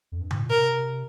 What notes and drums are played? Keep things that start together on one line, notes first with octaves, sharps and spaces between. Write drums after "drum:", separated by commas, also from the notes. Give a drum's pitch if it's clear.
F2
G2
G#2, drum: tom C#3
A#2
C3 A#4